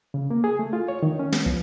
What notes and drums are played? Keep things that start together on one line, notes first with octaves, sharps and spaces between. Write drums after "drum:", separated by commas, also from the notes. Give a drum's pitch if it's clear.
C#3
A#3
G#4
A3
F4
C#5
D#3
C#4
B3, drum: snare
F3, drum: kick